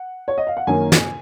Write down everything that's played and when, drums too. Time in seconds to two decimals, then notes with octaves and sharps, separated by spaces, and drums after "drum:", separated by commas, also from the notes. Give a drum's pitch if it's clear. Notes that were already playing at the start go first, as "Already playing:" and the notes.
Already playing: F#5
0.28 C#5
0.38 D#5
0.47 F5
0.57 F#5
0.67 F#2 D#3 F#3 A#3 C#4 G#5
0.92 drum: snare